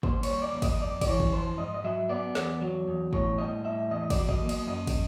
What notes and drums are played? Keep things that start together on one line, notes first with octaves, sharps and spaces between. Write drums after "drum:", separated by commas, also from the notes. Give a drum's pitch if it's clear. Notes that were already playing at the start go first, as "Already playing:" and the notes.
D#2 C5, drum: kick
C#5, drum: cymbal
G3
D5
D#2
D#5, drum: kick, cymbal
F2 D5
D5, drum: kick, cymbal
E3 C#5
drum: kick
F2 C5
G#2 D#5
D#5
F#3 E5
B3 D5
E2, drum: snare
F#3
E2
A2 C#5, drum: kick
G3 D#5
A2 E5
E2 D#5
D#5
D5, drum: kick, cymbal
F#3
D#5, drum: kick
A#3
D#5, drum: cymbal
F#2 D#5
drum: kick, cymbal